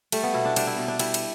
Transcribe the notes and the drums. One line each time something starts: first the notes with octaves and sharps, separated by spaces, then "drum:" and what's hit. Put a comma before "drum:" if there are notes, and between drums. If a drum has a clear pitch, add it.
G3 A3, drum: cymbal
B3
B2 E4
D4
G3 D4, drum: cymbal
E4
B2
D4
G3 E4, drum: cymbal
drum: cymbal